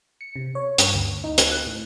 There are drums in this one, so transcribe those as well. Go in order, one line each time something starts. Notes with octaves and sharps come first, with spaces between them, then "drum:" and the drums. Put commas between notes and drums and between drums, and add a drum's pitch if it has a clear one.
C#7
C3
C#5
G2, drum: hi-hat
D2
D#4
drum: hi-hat
F#6
A2